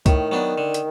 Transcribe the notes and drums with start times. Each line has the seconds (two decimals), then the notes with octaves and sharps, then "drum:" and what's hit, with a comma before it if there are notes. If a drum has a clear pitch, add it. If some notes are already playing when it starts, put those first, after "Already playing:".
0.06 A2 D#3, drum: kick C#2, hi-hat
0.32 F#3 B3 D4
0.58 D3
0.74 drum: hi-hat